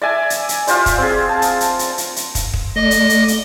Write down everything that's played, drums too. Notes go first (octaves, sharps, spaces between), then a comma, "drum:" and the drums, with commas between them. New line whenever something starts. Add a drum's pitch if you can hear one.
D5 E5 G#5
drum: hi-hat
drum: hi-hat
F4 G4 C5 D5, drum: hi-hat
drum: kick, hi-hat
C4 G#4
A5
drum: hi-hat
drum: hi-hat
drum: hi-hat
drum: hi-hat
drum: hi-hat
drum: kick, hi-hat
drum: kick
A3 D5 D#5
drum: hi-hat
drum: hi-hat
drum: hi-hat